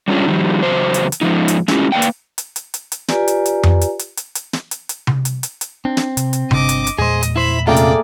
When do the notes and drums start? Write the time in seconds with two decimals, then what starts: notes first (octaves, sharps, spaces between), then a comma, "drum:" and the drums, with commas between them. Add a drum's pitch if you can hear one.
0.08 G3 G#3 C#4 D4 F4 G#4
0.28 D#3 F3 G3
0.62 E2 C#3 F#3 C5
0.94 drum: hi-hat
1.12 drum: hi-hat
1.21 G#2 B2 F3 D#4
1.48 drum: hi-hat
1.68 G#3 A3 C#4 E4 F4 G4, drum: snare
1.92 A#3 B4 D5 F5 G5
2.02 drum: hi-hat
2.38 drum: hi-hat
2.56 drum: hi-hat
2.74 drum: hi-hat
2.92 drum: hi-hat
3.08 F4 G4 B4 D5 G#5 A#5, drum: snare
3.28 drum: hi-hat
3.45 drum: hi-hat
3.63 drum: tom F2
3.81 drum: hi-hat
3.99 drum: hi-hat
4.17 drum: hi-hat
4.35 drum: hi-hat
4.53 drum: snare
4.71 drum: hi-hat
4.89 drum: hi-hat
5.07 drum: tom C3
5.25 drum: hi-hat
5.43 drum: hi-hat
5.61 drum: hi-hat
5.85 C4 D4
5.97 drum: snare
6.17 C3, drum: hi-hat
6.33 drum: hi-hat
6.51 G1 D4 D#5 D6, drum: tom C3
6.69 drum: hi-hat
6.87 drum: hi-hat
6.98 E2 A#2 G#3 G#4 C5 D#5
7.23 drum: hi-hat
7.36 E4 C5 E5 B5
7.67 C3 A3 A#3 C#4 F4 G#4 D5 G5
7.76 drum: hi-hat